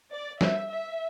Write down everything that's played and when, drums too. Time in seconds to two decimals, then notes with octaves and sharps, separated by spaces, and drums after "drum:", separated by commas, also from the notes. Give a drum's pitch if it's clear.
0.12 D5
0.41 G3 D4 A4 C#5 E5, drum: snare
0.69 E5